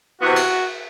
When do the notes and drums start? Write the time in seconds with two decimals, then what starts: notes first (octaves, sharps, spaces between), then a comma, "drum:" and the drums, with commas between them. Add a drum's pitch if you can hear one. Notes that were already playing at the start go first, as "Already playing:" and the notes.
0.21 C3 E3 B3 F#4
0.36 drum: cymbal